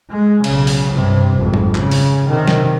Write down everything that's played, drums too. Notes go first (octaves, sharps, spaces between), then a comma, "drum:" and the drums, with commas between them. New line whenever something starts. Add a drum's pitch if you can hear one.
G#3
B1 C#3, drum: cymbal
drum: open hi-hat
G2 C3
G#1 F2
drum: tom F#3
C#3, drum: clap
drum: open hi-hat
C3 D#3
drum: snare